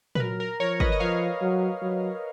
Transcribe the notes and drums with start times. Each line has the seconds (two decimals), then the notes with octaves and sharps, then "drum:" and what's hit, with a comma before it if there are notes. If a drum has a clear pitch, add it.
0.15 B4, drum: tom A#2
0.20 F#3 A#4
0.40 A#4
0.60 F3 A#4 C#5
0.80 B4 D#5, drum: kick
0.92 D#5
1.00 F3 C#5 F5
1.42 F#3
1.82 F#3